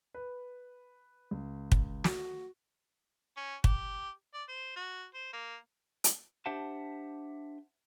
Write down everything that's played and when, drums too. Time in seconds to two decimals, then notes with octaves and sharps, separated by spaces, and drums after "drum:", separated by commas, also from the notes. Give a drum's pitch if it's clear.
0.14 B4
1.31 C#2
1.72 drum: kick
2.04 F#4, drum: snare
3.37 C#4
3.64 G4, drum: kick
4.34 D5
4.49 C5
4.76 F#4
5.14 C5
5.33 A#3
6.04 drum: hi-hat
6.46 D4 G4 C5 E5 F#5 A5